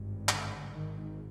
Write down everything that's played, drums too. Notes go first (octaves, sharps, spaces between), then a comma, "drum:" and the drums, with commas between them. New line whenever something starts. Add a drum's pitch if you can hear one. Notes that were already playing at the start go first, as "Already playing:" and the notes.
Already playing: G#1 G2
D3, drum: clap
G#1 G#2 D#3